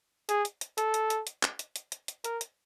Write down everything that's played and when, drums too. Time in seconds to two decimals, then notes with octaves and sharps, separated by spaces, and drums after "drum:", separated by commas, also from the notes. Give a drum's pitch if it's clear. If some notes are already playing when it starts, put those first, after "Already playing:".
0.29 G#4, drum: hi-hat
0.45 drum: hi-hat
0.61 drum: hi-hat
0.78 A4, drum: hi-hat
0.94 drum: hi-hat
1.10 drum: hi-hat
1.27 drum: hi-hat
1.43 drum: clap
1.59 drum: hi-hat
1.76 drum: hi-hat
1.92 drum: hi-hat
2.08 drum: hi-hat
2.24 A#4, drum: hi-hat
2.41 drum: hi-hat